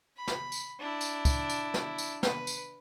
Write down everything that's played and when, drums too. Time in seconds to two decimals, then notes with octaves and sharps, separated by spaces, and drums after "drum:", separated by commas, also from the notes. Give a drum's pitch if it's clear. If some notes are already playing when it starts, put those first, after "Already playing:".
0.17 B5
0.28 drum: snare
0.52 drum: tambourine
0.80 D4 E4
1.01 drum: tambourine
1.25 drum: kick, tambourine
1.50 drum: tambourine
1.74 drum: snare
1.98 drum: tambourine
2.23 B4, drum: snare
2.47 drum: tambourine